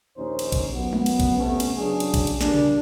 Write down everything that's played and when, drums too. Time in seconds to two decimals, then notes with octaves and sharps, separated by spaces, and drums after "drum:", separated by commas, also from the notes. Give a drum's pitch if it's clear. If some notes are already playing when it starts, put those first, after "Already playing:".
0.17 A#1 D#2 C#4 D#4 C5
0.39 drum: cymbal
0.52 drum: kick A1, cymbal
0.74 F#2 B3
0.93 drum: tom G#3
1.06 drum: cymbal
1.20 drum: kick A1, cymbal
1.38 C3 A3 B3 C#4
1.60 drum: cymbal
1.78 F#2 C#3 F#3 D4 G#4
2.00 drum: cymbal
2.14 drum: kick A1, cymbal
2.27 drum: cymbal
2.41 A#2 G3 A#3 D4, drum: snare
2.54 drum: tom C3